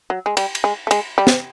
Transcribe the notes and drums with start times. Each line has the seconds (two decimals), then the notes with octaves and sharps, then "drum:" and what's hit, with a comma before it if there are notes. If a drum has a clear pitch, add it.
0.10 F#3
0.26 G#3
0.37 G3, drum: cymbal
0.55 drum: cymbal
0.64 G#3
0.87 A3
0.91 G#3, drum: cymbal
1.18 G3
1.27 drum: snare